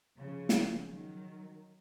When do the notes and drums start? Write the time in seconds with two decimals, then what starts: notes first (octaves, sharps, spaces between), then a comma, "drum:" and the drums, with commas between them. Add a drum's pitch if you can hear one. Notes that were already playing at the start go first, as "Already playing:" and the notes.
0.19 C#3 F3
0.49 drum: snare
0.89 D#3 F#3